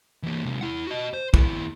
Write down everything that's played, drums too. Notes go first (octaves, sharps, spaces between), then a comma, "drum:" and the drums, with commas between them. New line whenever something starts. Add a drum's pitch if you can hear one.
E3 A#3
C3 G#3
E4 F#5
F#4 D#5
C5
D#2 E4, drum: kick